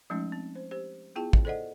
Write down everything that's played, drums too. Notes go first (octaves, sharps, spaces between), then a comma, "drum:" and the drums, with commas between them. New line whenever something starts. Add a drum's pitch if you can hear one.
F3 G#3 A3 C#4 D#4
C4
C5
G4 C5
B3 E4 F4 G#4 G5 A5
drum: kick
A4 C5 D5 D#5 F#5